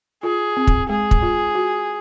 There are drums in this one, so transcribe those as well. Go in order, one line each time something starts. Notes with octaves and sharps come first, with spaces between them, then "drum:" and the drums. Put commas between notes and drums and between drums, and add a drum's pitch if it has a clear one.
F4 G#4
C4
drum: kick
G#3 G#4
drum: kick
F4
F#4